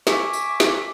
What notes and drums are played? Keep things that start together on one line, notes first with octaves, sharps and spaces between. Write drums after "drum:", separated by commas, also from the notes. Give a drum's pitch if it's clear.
E5 G#5 C#6 D6, drum: snare
drum: tambourine
drum: snare